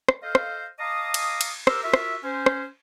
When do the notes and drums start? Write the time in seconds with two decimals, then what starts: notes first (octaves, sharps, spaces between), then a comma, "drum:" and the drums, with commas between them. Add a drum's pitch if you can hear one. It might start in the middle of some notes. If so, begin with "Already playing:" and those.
0.09 drum: rim click
0.23 A4 C5 D#5 F5
0.35 drum: rim click
0.79 D#5 F5 A5 A#5 D6 D#6
1.14 drum: cymbal
1.41 drum: cymbal
1.67 G4 A#4 C5 F5 A#5 E6, drum: rim click
1.84 F4 F#4 A#4 E5
1.94 drum: rim click
2.23 C#4 C5
2.46 drum: rim click